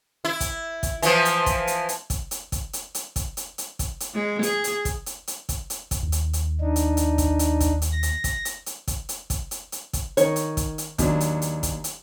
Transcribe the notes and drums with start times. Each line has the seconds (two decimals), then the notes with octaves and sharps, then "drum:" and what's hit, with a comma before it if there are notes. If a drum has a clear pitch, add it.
0.25 E4
0.40 drum: kick, hi-hat
0.83 drum: kick, hi-hat
1.02 E3 F3, drum: hi-hat
1.25 drum: hi-hat
1.46 drum: kick, hi-hat
1.67 drum: hi-hat
1.89 drum: hi-hat
2.10 drum: kick, hi-hat
2.31 drum: hi-hat
2.52 drum: kick, hi-hat
2.73 drum: hi-hat
2.95 drum: hi-hat
3.16 drum: kick, hi-hat
3.37 drum: hi-hat
3.58 drum: hi-hat
3.79 drum: kick, hi-hat
4.00 drum: hi-hat
4.14 G#3
4.43 G#4, drum: hi-hat
4.64 drum: hi-hat
4.85 drum: kick, hi-hat
5.06 drum: hi-hat
5.27 drum: hi-hat
5.49 drum: kick, hi-hat
5.70 drum: hi-hat
5.91 drum: kick, hi-hat
6.03 D#2
6.12 drum: hi-hat
6.33 drum: hi-hat
6.61 D4 D#4
6.76 drum: hi-hat
6.97 drum: hi-hat
7.18 drum: kick, hi-hat
7.39 drum: hi-hat
7.60 drum: kick, hi-hat
7.82 drum: hi-hat
7.92 A#6
8.03 drum: hi-hat
8.24 drum: kick, hi-hat
8.45 drum: hi-hat
8.66 drum: hi-hat
8.88 drum: kick, hi-hat
9.09 drum: hi-hat
9.30 drum: kick, hi-hat
9.51 drum: hi-hat
9.72 drum: hi-hat
9.93 drum: kick, hi-hat
10.17 D#3 C#5, drum: hi-hat
10.36 drum: hi-hat
10.57 drum: kick, hi-hat
10.78 drum: hi-hat
10.98 D#2 F#3 D4, drum: kick, hi-hat
11.20 drum: hi-hat
11.42 drum: hi-hat
11.63 drum: kick, hi-hat
11.84 drum: hi-hat